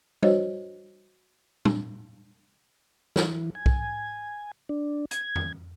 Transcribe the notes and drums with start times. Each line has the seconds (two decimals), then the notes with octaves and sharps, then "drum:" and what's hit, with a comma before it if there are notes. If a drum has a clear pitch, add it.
0.23 F#4 C5 C#5 D#5, drum: tom G3
1.65 drum: tom
3.16 E3, drum: snare
3.55 G#5
3.66 drum: kick B1
4.69 D4
5.11 G#6, drum: hi-hat
5.36 drum: tom F2